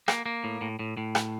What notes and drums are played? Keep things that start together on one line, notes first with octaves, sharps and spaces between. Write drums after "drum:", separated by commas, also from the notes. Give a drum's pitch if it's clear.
A#3, drum: rim click
A#3
A2
A2
A2
A2
drum: rim click